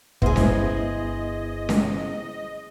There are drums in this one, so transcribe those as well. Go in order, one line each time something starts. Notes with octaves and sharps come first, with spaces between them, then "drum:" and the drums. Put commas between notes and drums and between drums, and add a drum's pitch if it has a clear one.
G1 B3 E4 G#4 C5 D#5, drum: kick
drum: snare C#4
drum: snare C#4